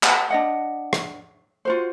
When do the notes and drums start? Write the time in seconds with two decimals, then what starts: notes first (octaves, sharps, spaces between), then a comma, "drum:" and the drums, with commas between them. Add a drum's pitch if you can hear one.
0.03 F#5, drum: clap
0.30 D4 D#5 F#5
0.93 drum: rim click
1.65 F4 F#4 C5